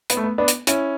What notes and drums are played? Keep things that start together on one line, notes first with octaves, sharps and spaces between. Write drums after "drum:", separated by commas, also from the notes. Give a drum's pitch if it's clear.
B3, drum: hi-hat
A3
B3
B3 D4
drum: hi-hat
C#4 E4, drum: hi-hat